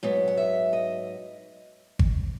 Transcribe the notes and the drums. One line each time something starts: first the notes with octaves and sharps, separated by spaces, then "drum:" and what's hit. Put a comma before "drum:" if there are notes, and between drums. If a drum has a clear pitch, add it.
G#2 F#3 B3
F#5
E5
D#5
drum: kick G#1